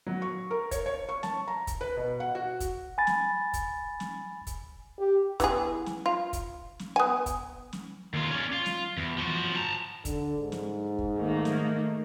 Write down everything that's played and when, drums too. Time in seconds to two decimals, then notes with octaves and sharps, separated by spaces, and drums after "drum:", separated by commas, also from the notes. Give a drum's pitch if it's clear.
0.07 F#3
0.22 C#6
0.51 A#4
0.71 C#5, drum: kick, hi-hat
0.86 C#5
1.09 C#6
1.23 A5, drum: snare
1.48 A#5
1.67 drum: kick, hi-hat
1.81 B4
1.97 B2
2.20 F#5
2.35 F#4
2.60 drum: kick, hi-hat
2.98 G#5 B5 A6
3.07 drum: snare
3.53 drum: kick, hi-hat
4.00 drum: snare
4.47 drum: kick, hi-hat
4.99 G4
5.40 E3 B3 G#4, drum: kick, hi-hat
5.86 drum: snare
6.06 F4
6.33 drum: kick, hi-hat
6.79 drum: snare
6.96 B3 G#5
7.26 drum: kick, hi-hat
7.73 drum: snare
8.14 D#2 F4
8.31 C#4 D5
8.53 F4
8.66 drum: snare
8.97 E2
9.18 F3 F#4
9.56 A5 A#5
10.05 D3, drum: kick, hi-hat
10.39 G#2
10.52 drum: snare
10.99 drum: kick
11.18 D#3 A3 A#3
11.45 drum: snare